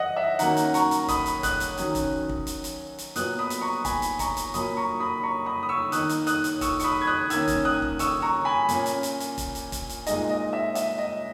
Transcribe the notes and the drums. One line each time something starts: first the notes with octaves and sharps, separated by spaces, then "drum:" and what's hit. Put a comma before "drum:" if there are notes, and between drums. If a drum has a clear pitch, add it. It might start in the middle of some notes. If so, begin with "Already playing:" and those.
Already playing: E3 D#5 F#5
E5
D#3 F#3 A#3 C#4 F#5 A#5, drum: hi-hat
drum: hi-hat
A#5 C#6, drum: hi-hat
drum: hi-hat
B5 D#6, drum: kick, hi-hat
drum: hi-hat
D#6 F#6, drum: kick, hi-hat
drum: hi-hat
D#3 F#3 C#4, drum: hi-hat
drum: kick, hi-hat
drum: kick
drum: hi-hat
drum: hi-hat
drum: hi-hat
A#2 F#3 B3 D#6 F#6, drum: hi-hat
B5 D#6
drum: hi-hat
A#5 C#6
G#5 B5, drum: kick, hi-hat
drum: hi-hat
A#5 C#6, drum: kick, hi-hat
drum: hi-hat
A#2 F#3 A#3 B5 D#6, drum: hi-hat
A#5 C#6
B5 D#6
A#5 C#6
B5 D#6
D#6
C#6 E6
D#3 A#3 D#4 D#6 F#6, drum: hi-hat
drum: hi-hat
D#6 F#6, drum: hi-hat
drum: hi-hat
C#6 E6, drum: kick, hi-hat
C#6, drum: hi-hat
B5 D#6
G#6
D#6 F#6
D#3 A#3 C#4 E6 G#6, drum: hi-hat
drum: kick, hi-hat
D#6 F#6
drum: kick
C#6 E6, drum: hi-hat
A#5 C#6
G#5 B5
A#2 A#3 C#4, drum: hi-hat
drum: hi-hat
drum: hi-hat
drum: hi-hat
drum: kick, hi-hat
drum: hi-hat
drum: kick, hi-hat
drum: hi-hat
A#2 G#3 D#4 D#5, drum: hi-hat
D#5
E5
E5, drum: hi-hat
D#5